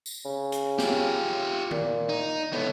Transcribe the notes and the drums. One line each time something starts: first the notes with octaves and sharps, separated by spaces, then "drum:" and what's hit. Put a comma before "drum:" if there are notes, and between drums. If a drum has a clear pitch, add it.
drum: tambourine
C#3
drum: hi-hat
F4 G4, drum: snare
A#2, drum: tom D#3
D#4
C#2 A2 B3